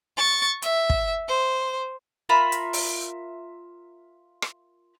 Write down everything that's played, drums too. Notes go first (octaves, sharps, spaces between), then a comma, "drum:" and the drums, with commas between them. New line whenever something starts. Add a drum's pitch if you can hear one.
C#6 A6
E5, drum: hi-hat
drum: kick
C5
F4 A#4 E5 B5
drum: hi-hat
drum: open hi-hat
drum: rim click